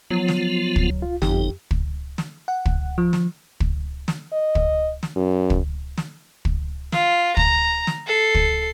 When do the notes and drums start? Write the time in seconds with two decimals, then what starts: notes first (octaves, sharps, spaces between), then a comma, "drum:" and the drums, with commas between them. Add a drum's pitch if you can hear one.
0.11 F3 F#3 B3 F4
0.28 drum: snare
0.76 drum: kick
1.02 F4
1.22 G1 F2 D#4 G4, drum: snare
1.71 drum: kick
2.18 drum: snare
2.48 F#5
2.66 drum: kick
2.98 F3
3.13 drum: snare
3.60 drum: kick
4.08 drum: snare
4.32 D#5
4.55 drum: kick
5.03 drum: snare
5.16 F#2
5.50 drum: kick
5.97 drum: snare
6.45 drum: kick
6.92 F4, drum: snare
7.37 A#5, drum: kick
7.87 drum: snare
8.07 A4 C7
8.35 drum: kick